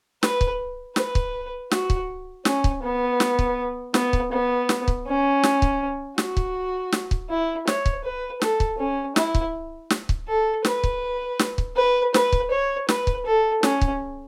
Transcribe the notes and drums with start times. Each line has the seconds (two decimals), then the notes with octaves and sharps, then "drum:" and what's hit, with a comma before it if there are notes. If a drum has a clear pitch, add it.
0.23 B4, drum: snare
0.41 drum: kick C#1
0.96 B4, drum: snare
1.15 drum: kick C#1
1.71 F#4, drum: snare
1.90 drum: kick C#1
2.45 C#4, drum: snare
2.64 drum: kick C#1
2.83 B3
3.20 drum: snare
3.39 drum: kick C#1
3.94 B3, drum: snare
4.13 drum: kick C#1
4.32 B3
4.69 drum: snare
4.88 drum: kick C#1
5.06 C#4
5.43 drum: snare
5.62 drum: kick C#1
6.18 F#4, drum: snare
6.37 drum: kick C#1
6.92 drum: snare
7.11 drum: kick C#1
7.30 E4
7.67 C#5, drum: snare
7.86 drum: kick C#1
8.04 B4
8.42 A4, drum: snare
8.60 drum: kick C#1
8.78 C#4
9.16 E4, drum: snare
9.35 drum: kick C#1
9.90 drum: snare
10.09 drum: kick C#1
10.28 A4
10.65 B4, drum: snare
10.84 drum: kick C#1
11.39 drum: snare
11.58 drum: kick C#1
11.76 B4
12.14 B4, drum: snare
12.33 drum: kick C#1
12.51 C#5
12.89 B4, drum: snare
13.07 drum: kick C#1
13.26 A4
13.63 C#4, drum: snare
13.81 drum: kick C#1